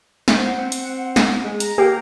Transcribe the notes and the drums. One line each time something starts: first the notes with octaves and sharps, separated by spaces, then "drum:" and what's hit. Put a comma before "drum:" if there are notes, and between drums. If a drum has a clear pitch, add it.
drum: snare
C5 F#5
C4
drum: hi-hat
drum: snare
G#3
A#5, drum: hi-hat
A#3 G4